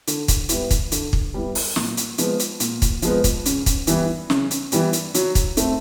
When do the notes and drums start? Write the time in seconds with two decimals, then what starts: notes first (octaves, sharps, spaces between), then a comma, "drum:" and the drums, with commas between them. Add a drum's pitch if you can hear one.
0.07 D3, drum: hi-hat
0.28 drum: kick, hi-hat
0.49 G3 B3 E4, drum: hi-hat
0.71 drum: kick, hi-hat
0.92 D3, drum: hi-hat
1.13 drum: kick
1.34 G3 B3 E4
1.55 drum: open hi-hat
1.76 A#2, drum: snare
1.97 drum: hi-hat
2.18 F3 G#3 B3, drum: hi-hat
2.40 drum: hi-hat
2.60 A#2, drum: hi-hat
2.82 drum: kick, hi-hat
3.02 F3 G#3 B3, drum: hi-hat
3.24 drum: kick, hi-hat
3.46 C#3, drum: hi-hat
3.66 drum: kick, hi-hat
3.87 E3 G3 B3, drum: hi-hat
4.30 C#3, drum: snare
4.51 drum: hi-hat
4.72 E3 G3 B3, drum: hi-hat
4.93 drum: hi-hat
5.15 F#3, drum: hi-hat
5.35 drum: kick, hi-hat
5.57 A3 C4, drum: hi-hat